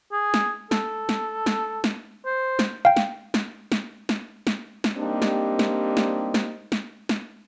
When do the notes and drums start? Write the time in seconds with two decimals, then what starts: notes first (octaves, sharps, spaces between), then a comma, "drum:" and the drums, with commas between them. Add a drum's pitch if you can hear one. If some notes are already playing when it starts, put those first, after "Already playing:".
0.12 G#4
0.34 drum: snare
0.71 A4, drum: snare
1.09 drum: snare
1.46 drum: snare
1.84 drum: snare
2.25 C5
2.59 drum: snare
2.85 F5 G5
2.97 drum: snare
3.34 drum: snare
3.72 drum: snare
4.09 drum: snare
4.47 drum: snare
4.84 drum: snare
4.98 G3 A#3 C4 D4 D#4 G4
5.22 drum: snare
5.59 drum: snare
5.97 drum: snare
6.34 drum: snare
6.72 drum: snare
7.09 drum: snare